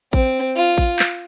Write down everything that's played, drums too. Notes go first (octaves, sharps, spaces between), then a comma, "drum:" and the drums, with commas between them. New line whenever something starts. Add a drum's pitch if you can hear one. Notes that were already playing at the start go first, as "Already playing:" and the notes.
C4, drum: kick A1
F4
drum: kick A1
drum: clap